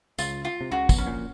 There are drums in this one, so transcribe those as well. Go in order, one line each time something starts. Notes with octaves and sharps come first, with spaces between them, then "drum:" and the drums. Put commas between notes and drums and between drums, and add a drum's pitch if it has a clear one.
C#2 C#3 F4, drum: tambourine
F4
C3
C#2 C#3 F#4
B1 B2, drum: kick, tambourine
C#4
A#1 A#2